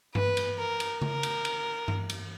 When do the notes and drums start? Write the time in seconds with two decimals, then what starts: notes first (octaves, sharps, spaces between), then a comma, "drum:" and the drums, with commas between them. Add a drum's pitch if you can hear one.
0.15 B4, drum: tom G2
0.37 drum: cymbal
0.58 A#4
0.80 drum: cymbal
1.02 A#4, drum: tom C#3
1.23 drum: cymbal
1.45 drum: cymbal
1.88 drum: tom G2
2.10 drum: cymbal